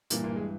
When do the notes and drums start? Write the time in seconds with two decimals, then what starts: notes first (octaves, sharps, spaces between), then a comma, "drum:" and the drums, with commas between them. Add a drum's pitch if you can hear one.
0.10 G2 A#2 E3 A#3, drum: hi-hat
0.24 A#2 A#3
0.36 G#3